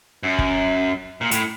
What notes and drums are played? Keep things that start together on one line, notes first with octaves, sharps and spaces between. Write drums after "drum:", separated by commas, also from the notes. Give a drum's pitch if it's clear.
F#2
drum: kick
A#2
A2, drum: hi-hat